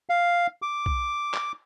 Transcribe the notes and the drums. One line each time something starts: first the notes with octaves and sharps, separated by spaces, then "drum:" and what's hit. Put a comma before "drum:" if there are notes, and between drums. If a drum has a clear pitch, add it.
F5
D6
drum: kick B1
drum: clap